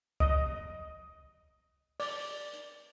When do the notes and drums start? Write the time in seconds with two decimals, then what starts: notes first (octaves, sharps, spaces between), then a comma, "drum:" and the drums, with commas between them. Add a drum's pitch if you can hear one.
0.20 D#5, drum: kick
2.00 D5, drum: open hi-hat
2.53 drum: hi-hat